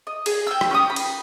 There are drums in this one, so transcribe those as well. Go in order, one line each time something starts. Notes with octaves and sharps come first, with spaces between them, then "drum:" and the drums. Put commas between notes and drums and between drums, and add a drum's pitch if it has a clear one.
D#5
G#4, drum: cymbal
G5 E6
drum: rim click
C#4 G5 D#6
G5 B5
drum: cymbal